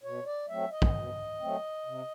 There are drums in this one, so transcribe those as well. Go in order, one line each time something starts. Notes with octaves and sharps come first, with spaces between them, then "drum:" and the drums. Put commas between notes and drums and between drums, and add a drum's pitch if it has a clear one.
B2 C#5
D5
F#3 A3 C4 E5
D#5
drum: kick
B2
F#3 A3 C4
C3